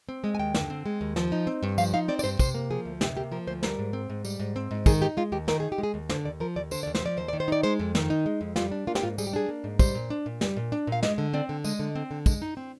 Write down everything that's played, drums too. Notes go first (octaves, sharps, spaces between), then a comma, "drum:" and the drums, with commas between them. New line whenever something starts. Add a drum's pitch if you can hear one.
C4
G#3 D#5
G#5
D#2 G5
D3, drum: snare
C4
G#3
D#2
F3, drum: snare
D#4
C4
G2
F3 F5, drum: tambourine
D#4 F5
C4 D5
D5, drum: tambourine
G2 C5
C3 C5, drum: kick, tambourine
A#3
F3 G#4
D2
C3 G4, drum: snare
A#3 G4
F3 A#4
D2 C5
G3 A#4, drum: snare
G#2
C4
G#2
G3, drum: tambourine
G#2
C4
G#2
D#3 G#4, drum: kick, tambourine
D#4 G4
G#3 F4
D#2 G4
D#3 A#4, drum: snare
D#4 G#4
G4
G#3
G#4
D#2
D3 C5, drum: snare
D#2 D5
F3 A#4
D#2 D5
D3 C5, drum: tambourine
D#2 D5
C5, drum: snare
F3 D5
D#2 C5
D#3 D5
C5
D#4 D5
G#3 C5
F2
D#3, drum: snare
D#4
G#3
F2
G3 F4, drum: snare
D4
A#3 F4
G4, drum: snare
G#2 F4
G3 G#4, drum: tambourine
G4
D4 G#4
A#3
G#2
G3 C5, drum: kick, tambourine
A#2
D4
A#2
G3, drum: snare
A#2
D4
A#2 F5
G#3 D#5, drum: snare
D3
C4 D5
D3
G#3 D#5, drum: tambourine
D3
C4
D3
G#3, drum: kick, tambourine
D#4
C4